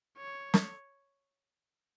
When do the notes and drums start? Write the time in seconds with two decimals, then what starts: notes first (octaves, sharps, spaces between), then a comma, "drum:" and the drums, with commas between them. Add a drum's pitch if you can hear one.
0.18 C#5
0.54 drum: snare